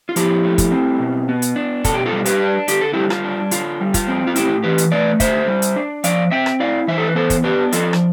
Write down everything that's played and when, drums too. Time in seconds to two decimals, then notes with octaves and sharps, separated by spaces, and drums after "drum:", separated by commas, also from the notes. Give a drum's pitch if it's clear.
0.09 F4
0.16 F3 E4 G4, drum: hi-hat
0.45 A3
0.58 drum: kick, hi-hat
0.72 C4
0.99 B2
1.29 B3
1.42 drum: hi-hat
1.56 D4
1.84 B2 A4, drum: kick, hi-hat
1.94 G4
2.06 F4 A4
2.12 G3
2.26 G4 B4, drum: hi-hat
2.40 D4
2.68 D3 G4, drum: hi-hat
2.81 A4
2.93 G3 E4 G4
3.10 F4, drum: rim click
3.24 D4
3.51 D3 F4, drum: hi-hat
3.80 G3
3.94 F4, drum: kick, hi-hat
4.08 C4
4.27 F4
4.36 A2 E4 G4, drum: hi-hat
4.63 E3 G4 B4
4.78 drum: hi-hat
4.92 A3 B4 D5
5.20 D3 C5 E5, drum: kick, hi-hat
5.48 G3
5.62 drum: hi-hat
5.76 D4
6.04 F3 D5 F5, drum: hi-hat
6.31 C4 E5 G5
6.46 drum: rim click
6.60 E4 D5 F5
6.88 E3 C5 E5
6.98 A4
7.07 B4
7.15 B3 A4 C5
7.30 drum: kick, hi-hat
7.44 D4 G4 B4
7.72 F3 F4 A4, drum: hi-hat
7.93 drum: rim click